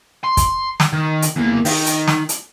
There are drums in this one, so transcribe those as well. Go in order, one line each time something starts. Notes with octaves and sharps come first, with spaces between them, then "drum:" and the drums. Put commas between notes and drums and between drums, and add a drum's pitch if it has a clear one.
C6
drum: kick, hi-hat
drum: snare
D#3
drum: hi-hat
E2 A#3
D#3, drum: open hi-hat
drum: hi-hat
drum: snare
drum: hi-hat